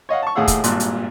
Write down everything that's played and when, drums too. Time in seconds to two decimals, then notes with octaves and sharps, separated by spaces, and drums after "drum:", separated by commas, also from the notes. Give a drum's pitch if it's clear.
0.09 C#5 D#5 F5 F#5
0.23 A5 C#6
0.35 D#2 A2 G#4 F5 F#5 E6
0.48 drum: kick, hi-hat
0.64 G#1 G2 A#2 C6 F#6, drum: hi-hat
0.80 drum: hi-hat